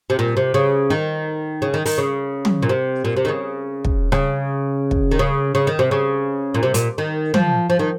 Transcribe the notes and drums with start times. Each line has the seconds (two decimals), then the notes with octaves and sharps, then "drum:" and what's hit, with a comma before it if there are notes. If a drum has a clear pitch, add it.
0.10 C3
0.19 A#2
0.37 C3
0.54 C#3
0.90 D#3
1.62 C#3
1.74 D#3
1.86 D#3, drum: open hi-hat
1.98 C#3
2.45 drum: tom
2.63 A#2
2.69 C3
3.05 A#2
3.17 C3
3.25 D#3
3.28 C#3
3.85 drum: kick
4.12 C#3, drum: rim click
4.91 drum: kick
5.11 D#3
5.19 C#3
5.55 C#3
5.67 D#3
5.79 C3
5.91 C#3
6.54 A#2
6.63 C3
6.74 A#2, drum: hi-hat
6.98 D#3
7.34 F3, drum: tom
7.70 F3
7.79 D#3